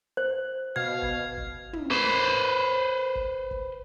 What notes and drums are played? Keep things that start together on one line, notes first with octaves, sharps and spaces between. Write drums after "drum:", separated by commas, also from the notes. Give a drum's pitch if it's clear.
C5
B2 F5 G#6
drum: kick G1
drum: kick G1
drum: tom
B4 C5
drum: kick G1
drum: kick G1